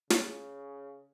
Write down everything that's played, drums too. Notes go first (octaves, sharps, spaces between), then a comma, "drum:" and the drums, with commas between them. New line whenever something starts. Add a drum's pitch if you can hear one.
C#3, drum: snare